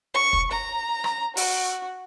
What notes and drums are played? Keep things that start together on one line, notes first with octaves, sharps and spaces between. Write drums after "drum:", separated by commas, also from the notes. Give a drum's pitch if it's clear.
C#6
drum: kick
A#5
drum: rim click
F#4, drum: open hi-hat